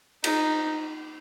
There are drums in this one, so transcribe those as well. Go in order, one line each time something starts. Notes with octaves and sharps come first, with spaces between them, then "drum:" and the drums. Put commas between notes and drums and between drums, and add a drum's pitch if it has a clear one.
D#4, drum: cymbal